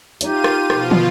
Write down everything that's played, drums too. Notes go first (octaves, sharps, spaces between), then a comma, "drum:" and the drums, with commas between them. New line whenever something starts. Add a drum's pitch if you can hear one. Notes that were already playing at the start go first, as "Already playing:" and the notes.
D#4 F4 G4 C#5 E5 D#7, drum: hi-hat
drum: rim click
B2 F3 F4, drum: rim click
drum: tom